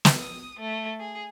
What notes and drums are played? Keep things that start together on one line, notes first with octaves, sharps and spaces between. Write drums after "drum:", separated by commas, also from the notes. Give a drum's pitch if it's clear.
drum: snare
D#6
A3
G#4